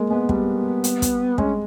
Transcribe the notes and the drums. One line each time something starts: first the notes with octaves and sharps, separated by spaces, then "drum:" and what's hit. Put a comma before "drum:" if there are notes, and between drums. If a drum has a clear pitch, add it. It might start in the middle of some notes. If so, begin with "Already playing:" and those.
Already playing: G#3 A#3
G#3 B3
G3, drum: kick
drum: hi-hat
drum: kick, hi-hat
G#3 C#4, drum: kick